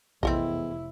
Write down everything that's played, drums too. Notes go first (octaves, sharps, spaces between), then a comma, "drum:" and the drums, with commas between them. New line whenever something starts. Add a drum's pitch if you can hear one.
F1 E2 C4 E4 A4 D#5, drum: kick A#1